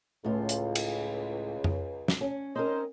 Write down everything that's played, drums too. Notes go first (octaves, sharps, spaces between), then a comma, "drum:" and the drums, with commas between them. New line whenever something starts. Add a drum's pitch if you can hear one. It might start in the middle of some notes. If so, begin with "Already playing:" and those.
C#2 A2 F4
drum: hi-hat
drum: cymbal
drum: tom F2
drum: snare
C#4
C4 C#4 D#4 A#4 C5 D#5